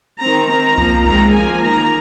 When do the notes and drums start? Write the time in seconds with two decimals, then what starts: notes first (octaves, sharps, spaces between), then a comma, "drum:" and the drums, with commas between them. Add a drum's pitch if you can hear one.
0.20 D#3 C4 A#5
0.49 D#3 C4 A#5
0.78 F3 A#3, drum: kick B1
1.06 D#3 G#3 C4 A#5, drum: kick B1
1.34 F3 A#3 G#5
1.63 D#3 A#3 A#5